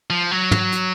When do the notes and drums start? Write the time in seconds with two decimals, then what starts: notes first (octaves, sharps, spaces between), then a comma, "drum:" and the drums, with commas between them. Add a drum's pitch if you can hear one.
0.10 F3
0.31 F#3
0.51 drum: tom
0.72 drum: hi-hat